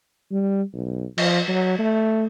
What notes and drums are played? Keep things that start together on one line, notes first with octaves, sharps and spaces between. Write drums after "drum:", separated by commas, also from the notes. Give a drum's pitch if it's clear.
G3
B1
F3, drum: cymbal
F#3
A3